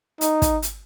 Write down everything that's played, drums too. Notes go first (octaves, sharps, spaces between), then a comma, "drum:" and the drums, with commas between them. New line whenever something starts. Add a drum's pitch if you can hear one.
D#4, drum: hi-hat
drum: kick, hi-hat
drum: hi-hat